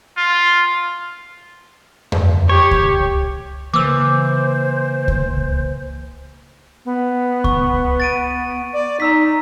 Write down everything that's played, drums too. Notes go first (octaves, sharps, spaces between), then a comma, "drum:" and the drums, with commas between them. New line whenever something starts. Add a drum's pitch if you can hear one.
F4
drum: tom F2
G4 C#5
drum: kick C#2
C#3 E3 A#3 C5 D6 E6
drum: kick C#2
B3
C#6, drum: kick C#2
A6 D7 D#7
D5
D#4 A#5 E6 B6